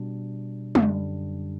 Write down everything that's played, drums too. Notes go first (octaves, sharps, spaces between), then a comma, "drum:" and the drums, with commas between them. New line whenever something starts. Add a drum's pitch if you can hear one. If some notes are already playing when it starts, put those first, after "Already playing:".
Already playing: B2 G3 D4
F#2 D3 G3 D4, drum: tom